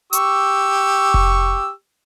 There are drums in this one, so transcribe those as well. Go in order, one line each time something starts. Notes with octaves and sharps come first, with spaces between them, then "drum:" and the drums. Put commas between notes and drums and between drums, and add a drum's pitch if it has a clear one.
G4 C#6 E6, drum: hi-hat
drum: kick F1